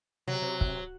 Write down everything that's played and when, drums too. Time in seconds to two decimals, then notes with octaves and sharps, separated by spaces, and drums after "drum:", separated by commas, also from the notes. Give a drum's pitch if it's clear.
0.27 C3 F#3
0.42 C3
0.61 drum: kick